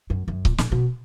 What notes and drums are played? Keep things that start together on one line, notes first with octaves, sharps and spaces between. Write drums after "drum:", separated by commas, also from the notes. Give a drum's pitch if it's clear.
F#2
F#2
A#2, drum: kick C#1
A#2, drum: snare
B2